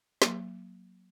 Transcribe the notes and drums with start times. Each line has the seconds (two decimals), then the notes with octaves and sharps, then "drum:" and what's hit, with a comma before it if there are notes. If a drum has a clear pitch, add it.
0.22 F#3 A#3, drum: snare